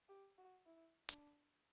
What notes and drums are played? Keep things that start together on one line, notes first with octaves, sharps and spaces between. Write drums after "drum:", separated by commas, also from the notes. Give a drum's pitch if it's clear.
G4
F#4
E4
D4, drum: hi-hat